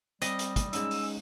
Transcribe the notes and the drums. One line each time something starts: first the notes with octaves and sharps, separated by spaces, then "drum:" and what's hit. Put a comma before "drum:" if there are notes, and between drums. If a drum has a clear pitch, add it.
G3 C4 D#5, drum: hi-hat
drum: hi-hat
drum: kick, hi-hat
G#3 C#4 D#4 E6, drum: hi-hat
drum: open hi-hat